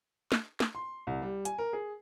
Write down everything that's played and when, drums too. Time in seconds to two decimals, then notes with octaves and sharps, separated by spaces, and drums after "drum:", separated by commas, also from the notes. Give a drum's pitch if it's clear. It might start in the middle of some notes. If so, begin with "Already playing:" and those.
0.32 drum: snare
0.60 drum: snare
0.75 C6
1.07 C2
1.22 G3
1.45 G#5, drum: hi-hat
1.58 A#4
1.73 G#4